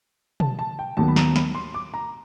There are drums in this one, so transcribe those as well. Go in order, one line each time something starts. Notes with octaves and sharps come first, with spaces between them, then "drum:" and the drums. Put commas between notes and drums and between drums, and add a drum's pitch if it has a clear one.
A5, drum: tom B2
A5
G5
D#2 D#3 F#3 B3 A5
B5
A#5, drum: snare
B5, drum: snare
C6
D6
A#5